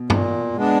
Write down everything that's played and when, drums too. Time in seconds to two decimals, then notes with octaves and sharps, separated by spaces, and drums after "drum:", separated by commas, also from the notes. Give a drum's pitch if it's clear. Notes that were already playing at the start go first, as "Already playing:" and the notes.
Already playing: B2
0.10 A#2, drum: tom G2
0.56 G#3 B3 D4